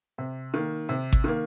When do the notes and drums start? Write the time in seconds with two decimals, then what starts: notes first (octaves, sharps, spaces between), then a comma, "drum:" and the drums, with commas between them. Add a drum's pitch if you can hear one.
0.18 C3
0.54 D#3 A#3
0.89 C3
1.13 drum: kick G#1
1.24 D#3 A#3